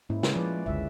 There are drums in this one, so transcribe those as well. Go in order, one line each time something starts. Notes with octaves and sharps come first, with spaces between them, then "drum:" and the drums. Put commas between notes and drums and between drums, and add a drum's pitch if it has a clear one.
G#2 A#3 C#4 E4
C#3 G#3 C#4, drum: snare
F3 F4 B4 D5
F#1 C#2 D3 G#3 E5